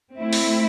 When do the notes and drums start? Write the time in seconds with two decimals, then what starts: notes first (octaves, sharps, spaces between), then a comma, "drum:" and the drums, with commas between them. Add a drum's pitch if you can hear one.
0.16 A3 C4 E4
0.33 drum: open hi-hat